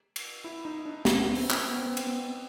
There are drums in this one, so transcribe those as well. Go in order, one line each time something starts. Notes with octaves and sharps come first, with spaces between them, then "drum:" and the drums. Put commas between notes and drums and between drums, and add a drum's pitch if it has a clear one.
drum: cymbal
E4
D#4
D4
C#4, drum: snare
B3
C4, drum: open hi-hat
C4, drum: clap
B3
C4
B3
C4, drum: cymbal
B3